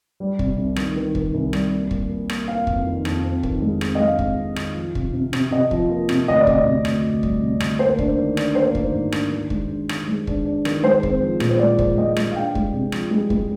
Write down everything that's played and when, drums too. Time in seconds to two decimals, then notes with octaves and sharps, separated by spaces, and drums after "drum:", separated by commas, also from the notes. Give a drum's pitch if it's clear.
0.20 G3
0.39 C3, drum: kick
0.58 C2
0.76 D#3, drum: rim click
0.96 D#3
1.15 D#3, drum: kick
1.34 C2
1.53 G3, drum: rim click
1.72 A#3
1.91 A#3, drum: kick
2.09 A#3
2.29 A#3, drum: rim click
2.48 A#3 F5
2.67 F2, drum: kick
2.86 D#3
3.05 F2, drum: rim click
3.24 C4
3.43 D#3, drum: kick
3.62 G#3
3.81 C4, drum: rim click
3.95 D#5
4.00 G#3 F5
4.19 C4, drum: kick
4.38 C4
4.56 D#3, drum: rim click
4.76 F3
4.95 C3, drum: kick
5.13 C3
5.33 C3, drum: rim click
5.51 C3 D#5
5.71 F3, drum: kick
5.90 A#3
6.09 C3, drum: rim click
6.28 D2 D#5
6.39 D5
6.47 C3 D#5, drum: kick
6.65 C3
6.85 D2, drum: rim click
7.04 D2
7.23 G3, drum: kick
7.42 C3
7.60 D2, drum: rim click
7.79 A#3 C5
7.99 D4, drum: kick
8.18 D#3
8.37 D4, drum: rim click
8.55 A#3 C5
8.75 D#3, drum: kick
8.93 G#2
9.12 D4, drum: rim click
9.32 D#3
9.50 G#3, drum: kick
9.70 D4
9.89 D#3, drum: rim click
10.08 G#3
10.27 D4, drum: kick
10.45 D4
10.65 D#3, drum: rim click
10.83 G#3 C5
11.03 C4, drum: kick
11.21 F3
11.40 A#2, drum: rim click
11.50 C5
11.59 G#3 D5
11.79 F3, drum: kick
11.97 G#3 D#5
12.16 G#3, drum: rim click
12.32 F5
12.36 D4 G5
12.55 G#3, drum: kick
12.73 C3
12.92 F3, drum: rim click
13.11 G#3
13.30 G#3, drum: kick